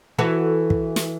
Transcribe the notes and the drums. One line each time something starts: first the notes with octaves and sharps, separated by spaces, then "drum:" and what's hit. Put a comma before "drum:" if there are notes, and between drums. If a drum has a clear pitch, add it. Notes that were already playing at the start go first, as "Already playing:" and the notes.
E3 F#4 A4
drum: kick
drum: snare